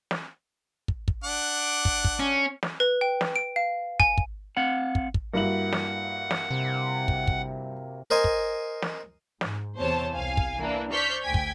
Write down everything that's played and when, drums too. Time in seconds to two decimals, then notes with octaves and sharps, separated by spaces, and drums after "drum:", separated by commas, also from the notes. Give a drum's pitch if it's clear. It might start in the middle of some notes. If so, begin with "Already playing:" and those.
0.11 drum: snare
0.88 drum: kick
1.08 drum: kick
1.24 D4 F#5 D6
1.85 drum: kick
2.04 drum: kick
2.20 C#4
2.63 drum: snare
2.80 B4
3.01 G5
3.21 drum: snare
3.36 D7
3.56 F5
4.00 G#5, drum: kick
4.18 drum: kick
4.57 C4 F5 F#5
4.95 drum: kick
5.14 drum: kick
5.34 G2 A#3 E4 F#4 F#5 F#7
5.72 drum: snare
6.31 drum: snare
6.51 C3
7.08 drum: kick
7.27 drum: kick
8.10 A#4 C5 D#5 G#5
8.24 drum: kick
8.82 drum: snare
9.41 G#2, drum: snare
9.78 E2 C3 C5 C#5 A5
10.14 C2 F5 G#5
10.37 drum: kick
10.59 E3 A#3 D4
10.92 C5 D5 C#6 F6 G6 B6
11.23 D2 G5 G#5 G#6 B6
11.34 drum: kick